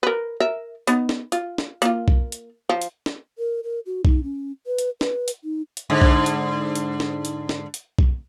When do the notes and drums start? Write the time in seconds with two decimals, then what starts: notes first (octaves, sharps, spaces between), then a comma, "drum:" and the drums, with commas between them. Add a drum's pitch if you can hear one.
0.03 A#4 B4
0.40 A#4 E5
0.87 B3 D#4, drum: hi-hat
1.09 drum: snare
1.32 F4, drum: hi-hat
1.58 drum: snare
1.82 A#3 F4, drum: hi-hat
2.08 drum: kick B1
2.32 drum: hi-hat
2.69 F3
2.82 drum: hi-hat
3.06 drum: snare
3.38 A#4
3.63 A#4
3.86 F#4
4.05 D#4, drum: kick B1
4.23 C#4
4.66 B4
4.78 drum: hi-hat
5.01 B4, drum: snare
5.28 drum: hi-hat
5.44 D#4
5.77 drum: hi-hat
5.90 G#2 D3
6.02 drum: kick B1
6.26 drum: hi-hat
6.75 drum: hi-hat
7.00 drum: snare
7.25 drum: hi-hat
7.49 drum: snare
7.74 drum: hi-hat
7.99 drum: kick B1